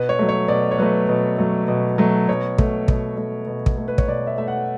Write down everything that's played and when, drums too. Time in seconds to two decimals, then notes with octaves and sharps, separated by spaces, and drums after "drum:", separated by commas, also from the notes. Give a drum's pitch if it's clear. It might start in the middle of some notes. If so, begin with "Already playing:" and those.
Already playing: B2 B4
0.09 C#5
0.19 F#3 A3
0.29 C#5
0.48 B2 D5
0.71 C#5
0.78 F#3 A3 B4
1.09 B2
1.38 F#3 A3
1.68 B2
1.98 F#3 A3
2.28 B2 C#5
2.58 A3, drum: kick
2.88 B2, drum: kick
3.17 A3
3.47 B2
3.66 drum: kick
3.78 A3
3.88 B4
3.98 C#5, drum: kick
4.08 B2 D5
4.27 E5
4.38 A3 E5
4.48 F#5